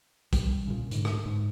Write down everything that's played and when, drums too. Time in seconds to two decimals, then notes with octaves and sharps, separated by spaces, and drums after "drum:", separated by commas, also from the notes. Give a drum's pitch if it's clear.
0.33 G3, drum: kick, hi-hat
0.68 A#2 C#3
0.91 G#2 D3, drum: hi-hat
1.05 drum: rim click
1.25 G#2